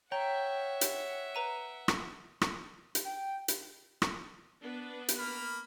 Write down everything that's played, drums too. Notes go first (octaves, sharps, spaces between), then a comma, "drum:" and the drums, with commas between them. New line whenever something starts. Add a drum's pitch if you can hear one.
C#5 E5 F#5 G5 A#5
drum: hi-hat
B4 A#5 D#7
drum: rim click
drum: rim click
drum: hi-hat
G5
drum: hi-hat
drum: rim click
B3 D4 B4
drum: hi-hat
A#3 B5 F6